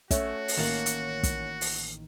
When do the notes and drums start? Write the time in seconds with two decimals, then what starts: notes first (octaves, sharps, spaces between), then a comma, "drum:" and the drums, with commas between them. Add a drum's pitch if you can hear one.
0.11 A3 C#4 F#4, drum: kick, hi-hat
0.48 drum: open hi-hat
0.57 A1 D#3 A#3 F#5 A5
0.86 drum: hi-hat
1.23 drum: kick, hi-hat
1.61 drum: open hi-hat